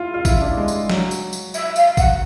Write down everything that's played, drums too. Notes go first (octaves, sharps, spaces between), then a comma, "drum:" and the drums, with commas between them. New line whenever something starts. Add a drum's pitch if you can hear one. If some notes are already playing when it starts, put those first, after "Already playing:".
Already playing: E4 F4
F4
E4, drum: kick A1, tambourine
D4
G#3
drum: tambourine
F#3, drum: snare
drum: tambourine
drum: tambourine
E5, drum: tambourine
F5, drum: tambourine
F#5, drum: kick A1, tambourine